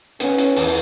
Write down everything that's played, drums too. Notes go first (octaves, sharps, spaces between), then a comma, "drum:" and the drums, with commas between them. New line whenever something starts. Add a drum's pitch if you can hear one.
B3 C#4, drum: hi-hat
drum: hi-hat
E2, drum: open hi-hat